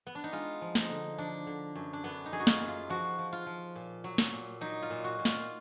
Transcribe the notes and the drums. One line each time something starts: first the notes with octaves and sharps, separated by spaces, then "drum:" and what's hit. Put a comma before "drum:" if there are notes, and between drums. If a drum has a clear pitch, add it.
B3
D4
D#4
G#3 F4
F3
D#4, drum: snare
D3
F3 D4
D3
F#2
D4
F#2 B3
D#4
F#2 G#4
F#4
F4, drum: snare
F#2
F4
F3 F#4
F3
F4
F3
A#2
F#3
drum: snare
A#2
F#3 D#4
F4
A#2
F#4
A#2
F4, drum: snare